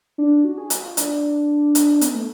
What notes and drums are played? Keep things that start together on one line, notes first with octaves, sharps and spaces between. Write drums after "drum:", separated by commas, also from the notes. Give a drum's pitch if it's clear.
D4
F#4
G#4
F#4, drum: hi-hat
F4
D4, drum: hi-hat
drum: hi-hat
B3, drum: hi-hat
A3